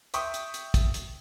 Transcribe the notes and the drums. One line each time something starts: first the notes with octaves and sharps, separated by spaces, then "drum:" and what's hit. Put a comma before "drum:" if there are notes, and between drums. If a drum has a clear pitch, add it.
E5 G5 C#6 D#6, drum: hi-hat
drum: hi-hat
drum: hi-hat
drum: kick, hi-hat
drum: hi-hat